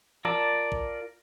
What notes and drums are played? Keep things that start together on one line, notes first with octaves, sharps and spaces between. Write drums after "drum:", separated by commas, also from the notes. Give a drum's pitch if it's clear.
F4 A#4 D5 A5, drum: tom E3
drum: kick